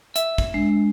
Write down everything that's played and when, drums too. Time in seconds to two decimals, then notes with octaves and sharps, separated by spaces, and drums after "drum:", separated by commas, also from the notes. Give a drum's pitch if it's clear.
0.16 E5, drum: hi-hat
0.38 drum: kick
0.54 G#3 D4